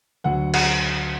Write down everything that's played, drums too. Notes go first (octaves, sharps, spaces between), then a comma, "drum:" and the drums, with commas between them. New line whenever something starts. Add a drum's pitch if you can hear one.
D2 D3 F#3 F#5
F#5, drum: cymbal